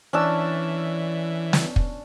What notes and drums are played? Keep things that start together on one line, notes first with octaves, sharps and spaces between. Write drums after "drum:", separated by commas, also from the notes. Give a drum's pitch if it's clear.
E3 C#4 D4 E6
drum: snare
drum: kick